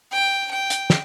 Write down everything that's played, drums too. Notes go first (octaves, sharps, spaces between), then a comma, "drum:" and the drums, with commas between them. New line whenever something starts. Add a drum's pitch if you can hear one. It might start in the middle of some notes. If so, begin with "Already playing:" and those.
G5
G5
drum: hi-hat
drum: snare